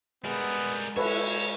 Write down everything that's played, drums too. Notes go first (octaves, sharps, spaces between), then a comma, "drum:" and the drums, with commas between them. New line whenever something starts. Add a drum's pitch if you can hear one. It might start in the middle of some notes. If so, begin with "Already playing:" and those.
G3 G#3 B3 A#4
E4 A4 B4 C#5, drum: cymbal